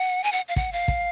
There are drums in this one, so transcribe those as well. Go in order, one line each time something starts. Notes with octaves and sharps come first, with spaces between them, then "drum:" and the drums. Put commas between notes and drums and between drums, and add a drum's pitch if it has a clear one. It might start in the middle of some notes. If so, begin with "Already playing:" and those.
Already playing: F#5
G#5
F#5
F5
F#5, drum: kick
F5
drum: kick